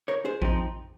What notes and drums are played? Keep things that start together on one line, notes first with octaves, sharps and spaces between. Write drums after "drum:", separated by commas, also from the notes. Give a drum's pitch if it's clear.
A#4 C#5
G#4 C5
F3 C4 D#4, drum: kick A1